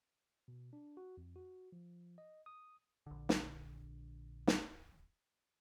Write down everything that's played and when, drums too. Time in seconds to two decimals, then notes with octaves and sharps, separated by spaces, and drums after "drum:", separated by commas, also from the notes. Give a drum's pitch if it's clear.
0.48 B2
0.73 D4
0.97 F#4
1.17 F2
1.36 F#4
1.72 F3
2.18 D#5
2.46 D#6
3.07 A#1 D3
3.29 drum: snare
4.47 drum: snare